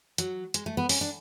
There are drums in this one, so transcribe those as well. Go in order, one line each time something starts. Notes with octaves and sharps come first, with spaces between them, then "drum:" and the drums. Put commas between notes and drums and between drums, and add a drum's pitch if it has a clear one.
F#3, drum: hi-hat
G#3, drum: hi-hat
A3
B3
C#4, drum: open hi-hat
D4